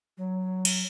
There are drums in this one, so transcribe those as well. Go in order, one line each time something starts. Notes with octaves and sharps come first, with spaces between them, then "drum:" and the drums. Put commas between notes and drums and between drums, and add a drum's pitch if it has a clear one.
F#3
drum: cymbal